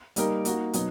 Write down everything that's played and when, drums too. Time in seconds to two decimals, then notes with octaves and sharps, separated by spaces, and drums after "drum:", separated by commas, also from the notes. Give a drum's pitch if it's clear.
0.16 G3 A#3 D#4 G4 A#4, drum: hi-hat
0.45 A#3 D#4 F#4, drum: hi-hat
0.73 B2 F#3 B3 D#4, drum: hi-hat